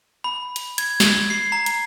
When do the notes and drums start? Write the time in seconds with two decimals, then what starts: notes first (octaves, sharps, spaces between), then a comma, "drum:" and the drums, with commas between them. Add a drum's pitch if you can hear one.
0.24 B5
0.56 drum: hi-hat
0.78 G#6, drum: hi-hat
1.00 drum: snare
1.30 C7
1.52 A#5
1.66 drum: hi-hat